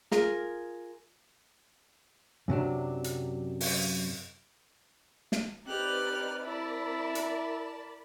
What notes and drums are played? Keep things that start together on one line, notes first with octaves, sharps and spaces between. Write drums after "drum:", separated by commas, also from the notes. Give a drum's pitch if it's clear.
F4 G#4 A#4, drum: snare
F#2 C3 F#3 D4
drum: hi-hat
drum: open hi-hat
drum: snare
C4 D#4 G4 B4 D5 F6 F#6
E4 A#4 D5 A5 B5
drum: hi-hat